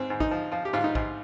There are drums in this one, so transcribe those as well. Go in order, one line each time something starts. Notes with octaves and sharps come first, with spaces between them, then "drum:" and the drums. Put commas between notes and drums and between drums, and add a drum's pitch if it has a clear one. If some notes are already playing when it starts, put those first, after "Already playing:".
Already playing: G#2 C4
G#2
D#4, drum: kick
F3
F3 F4
G4
G#2 F4
D#4
G#2, drum: kick